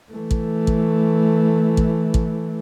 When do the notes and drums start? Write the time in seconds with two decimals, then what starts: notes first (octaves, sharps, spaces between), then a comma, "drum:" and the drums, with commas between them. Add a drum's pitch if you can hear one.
0.12 E3 A3
0.31 drum: kick
0.67 drum: kick
1.77 drum: kick
2.14 drum: kick